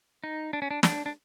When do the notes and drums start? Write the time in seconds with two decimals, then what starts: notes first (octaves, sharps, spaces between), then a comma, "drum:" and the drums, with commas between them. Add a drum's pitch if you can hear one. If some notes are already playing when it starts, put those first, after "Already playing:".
0.24 D#4
0.53 D4
0.62 C#4
0.71 D4
0.83 D4, drum: snare
1.06 D4